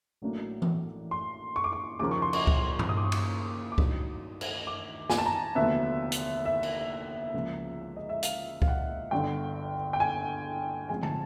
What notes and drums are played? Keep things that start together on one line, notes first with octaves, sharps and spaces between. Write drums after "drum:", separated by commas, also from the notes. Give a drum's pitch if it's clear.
A1 A2 F#3 A#3 D4
drum: tom E3
C6
C#6
D6
C#6
D#2 C#3 F3 A#3 D6
C#6
C6
C#6, drum: cymbal
drum: kick C#2
drum: tom G2
D#6
D6
C#6
D6, drum: cymbal
D6
A1 G2 D#3 F#3 D#6, drum: kick C#2
drum: cymbal
D6
G#5, drum: snare
A5
A#5
F1 D#2 D3 F#3 B3 E5
drum: hi-hat
E5
drum: cymbal
C#2 C#3 F3 A#3
D#5
E5
F5, drum: hi-hat
F5, drum: kick C#2
F#5
G1 G2 D3 G5
G5
G#5
A1 G#2 F3 G#3 C4 G#5
A5, drum: tom